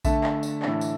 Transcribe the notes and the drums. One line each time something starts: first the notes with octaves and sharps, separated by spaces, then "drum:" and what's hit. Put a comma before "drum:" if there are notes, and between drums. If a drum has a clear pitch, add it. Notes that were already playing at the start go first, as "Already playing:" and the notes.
D3 A3 D4 E5 A5, drum: kick A#1, tambourine
drum: clap
drum: tambourine
A2 E3 A3 D4, drum: clap
drum: tambourine